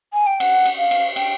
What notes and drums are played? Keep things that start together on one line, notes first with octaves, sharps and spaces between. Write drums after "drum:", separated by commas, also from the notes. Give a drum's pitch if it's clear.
G#5
G5
F#5, drum: cymbal
drum: cymbal
F5
drum: cymbal
G5, drum: cymbal